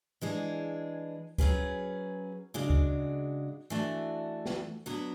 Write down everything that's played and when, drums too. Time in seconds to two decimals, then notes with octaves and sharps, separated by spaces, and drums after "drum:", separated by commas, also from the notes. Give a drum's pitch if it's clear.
0.22 E3 G#3 D4 G#4
1.38 F#3 C#4 G#4 B4, drum: kick D2
2.54 C#3 G#3 D4 F#4
2.70 drum: kick D2
3.70 E3 A3 D4 F#4
4.46 drum: snare
4.86 D3 F#3 B3 F#4 B4